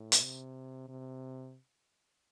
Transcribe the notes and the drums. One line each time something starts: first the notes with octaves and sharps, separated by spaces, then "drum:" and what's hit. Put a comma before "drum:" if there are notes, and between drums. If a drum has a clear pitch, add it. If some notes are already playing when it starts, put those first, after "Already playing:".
Already playing: A2
drum: hi-hat
C3
C3